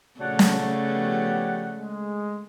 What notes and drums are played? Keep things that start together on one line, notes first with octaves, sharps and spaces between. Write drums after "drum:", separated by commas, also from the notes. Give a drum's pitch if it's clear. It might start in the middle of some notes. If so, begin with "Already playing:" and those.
A#1 C#3 A3 F#4 C#5 D5 F#5 A5
drum: snare
F3 B3 G4
G#3